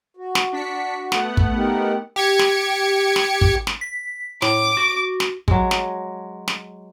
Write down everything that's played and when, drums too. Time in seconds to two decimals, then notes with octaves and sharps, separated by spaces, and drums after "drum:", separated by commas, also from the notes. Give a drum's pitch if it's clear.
0.17 F#4
0.35 drum: snare
0.52 D4 B6 C#7
1.12 A3 B3 F#5, drum: snare
1.37 drum: kick
1.56 D#4 G4 A#4
2.16 G4 G#6 C#7
2.39 drum: snare
3.16 drum: snare
3.41 drum: kick
3.67 drum: snare
3.81 B6
4.42 A2 D6, drum: snare
4.77 F#4
5.20 drum: snare
5.48 F#3 G#3, drum: kick
5.71 drum: snare
6.48 drum: snare